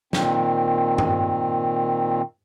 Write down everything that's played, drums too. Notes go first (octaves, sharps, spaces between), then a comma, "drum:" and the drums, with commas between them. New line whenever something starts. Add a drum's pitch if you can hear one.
A#2 D#3 C4, drum: snare
drum: tom G2